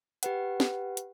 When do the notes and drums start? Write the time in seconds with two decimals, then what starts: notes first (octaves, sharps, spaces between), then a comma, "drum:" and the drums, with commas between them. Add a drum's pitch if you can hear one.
0.23 G4 B4 F#5, drum: hi-hat
0.60 drum: snare
0.97 drum: hi-hat